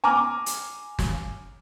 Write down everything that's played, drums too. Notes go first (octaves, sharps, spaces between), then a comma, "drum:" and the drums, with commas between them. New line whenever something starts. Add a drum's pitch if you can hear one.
G#5 A#5 D6 F6
drum: hi-hat
drum: snare